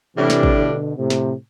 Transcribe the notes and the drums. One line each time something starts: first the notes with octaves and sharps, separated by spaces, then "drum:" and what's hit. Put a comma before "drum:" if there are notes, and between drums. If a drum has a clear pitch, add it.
A2 C3 E3 G3 D4
drum: snare
drum: kick
B2 D3
A2 C3
drum: snare